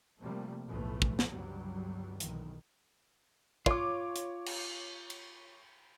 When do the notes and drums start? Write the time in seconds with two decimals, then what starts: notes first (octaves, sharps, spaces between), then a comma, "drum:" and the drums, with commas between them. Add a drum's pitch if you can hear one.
0.20 C3 F3 G3 A3 A#3
0.68 B1 E2 A2 E3 F3 A3
1.02 drum: kick
1.19 drum: snare
1.28 G1 C#2 G2 F#3 G3
2.20 B1 A#2 D#3 E3, drum: hi-hat
3.66 F4 C#5 D6, drum: kick
4.16 drum: hi-hat
4.46 drum: cymbal
5.10 drum: cymbal